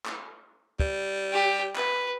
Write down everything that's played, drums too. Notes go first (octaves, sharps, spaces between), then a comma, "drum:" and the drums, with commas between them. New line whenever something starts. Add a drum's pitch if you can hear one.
drum: clap
G3, drum: kick
G4
B4, drum: clap